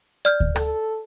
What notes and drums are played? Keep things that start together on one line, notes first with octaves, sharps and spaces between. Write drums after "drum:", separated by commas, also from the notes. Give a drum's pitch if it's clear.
D5 F6 G6
drum: kick D2
A4, drum: rim click